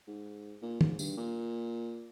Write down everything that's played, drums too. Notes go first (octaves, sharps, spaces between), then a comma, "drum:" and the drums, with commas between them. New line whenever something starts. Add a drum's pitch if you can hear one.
G#2
A#2
G#2, drum: tom
G2, drum: tambourine
A#2